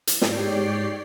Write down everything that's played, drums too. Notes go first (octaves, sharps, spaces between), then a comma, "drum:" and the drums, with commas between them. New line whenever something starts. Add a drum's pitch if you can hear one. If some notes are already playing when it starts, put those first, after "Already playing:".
drum: hi-hat
G#2 G4 C#5 D5 G5 C7, drum: snare